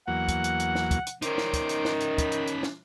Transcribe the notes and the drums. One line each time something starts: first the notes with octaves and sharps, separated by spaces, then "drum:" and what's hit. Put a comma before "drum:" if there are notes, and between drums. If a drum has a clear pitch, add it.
E2 F#3 A#3 F#5
drum: kick, hi-hat
drum: hi-hat
drum: hi-hat
drum: snare
drum: kick, hi-hat
drum: hi-hat
D#3 C#4 D#4 C5 D6, drum: hi-hat
drum: snare
drum: kick, hi-hat
drum: hi-hat
drum: snare
drum: hi-hat
B5, drum: kick, hi-hat
drum: hi-hat
drum: hi-hat
drum: snare